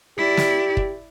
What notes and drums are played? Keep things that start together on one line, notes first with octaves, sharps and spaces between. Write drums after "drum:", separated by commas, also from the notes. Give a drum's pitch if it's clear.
E4 G4 D5
drum: snare
drum: kick